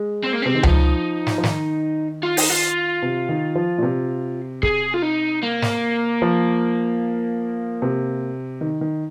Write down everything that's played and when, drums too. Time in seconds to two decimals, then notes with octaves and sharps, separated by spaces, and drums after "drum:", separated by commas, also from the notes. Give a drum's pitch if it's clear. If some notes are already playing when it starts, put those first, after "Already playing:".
Already playing: G#3
0.24 C4
0.33 A#3
0.42 C3 C4
0.55 D#3
0.63 F3 D#4, drum: tom C#2
1.27 drum: snare
1.38 F3
1.43 D#3, drum: snare
2.23 F4
2.37 D#4, drum: open hi-hat
2.50 F4
3.02 C3
3.29 D#3
3.55 F3
3.78 A#2
3.83 C3
4.63 G#4, drum: kick
4.94 F4
5.02 D#4
5.42 A#3
5.62 drum: snare
6.22 F3
7.82 C3
8.61 D#3
8.81 D#3